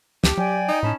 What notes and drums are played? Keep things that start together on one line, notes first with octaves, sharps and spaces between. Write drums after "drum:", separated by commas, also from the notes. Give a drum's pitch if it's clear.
D2 G4 A5, drum: snare
F#3 D5 G5 G#5
D#4
A2 C#4 A5 B5